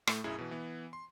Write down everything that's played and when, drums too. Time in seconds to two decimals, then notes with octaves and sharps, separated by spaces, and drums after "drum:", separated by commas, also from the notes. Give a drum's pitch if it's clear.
0.07 A2 A3, drum: rim click
0.24 B1 F#2 E4 G#4 D#6
0.38 B2 E3
0.51 E3 B3
0.93 C6